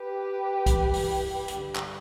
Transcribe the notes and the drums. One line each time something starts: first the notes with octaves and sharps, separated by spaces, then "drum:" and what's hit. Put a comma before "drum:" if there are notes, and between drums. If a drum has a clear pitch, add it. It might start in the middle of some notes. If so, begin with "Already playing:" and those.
Already playing: G4 B4
G2 E3, drum: kick, hi-hat
drum: open hi-hat
G2 D3, drum: hi-hat
drum: clap